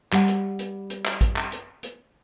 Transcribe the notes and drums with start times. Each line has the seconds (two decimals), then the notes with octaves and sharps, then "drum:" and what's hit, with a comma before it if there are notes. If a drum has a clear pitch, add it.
0.12 G3 F#5, drum: clap
0.28 drum: hi-hat
0.59 drum: hi-hat
0.90 drum: hi-hat
1.05 drum: clap
1.21 drum: kick A1, hi-hat
1.36 drum: clap
1.52 drum: hi-hat
1.83 drum: hi-hat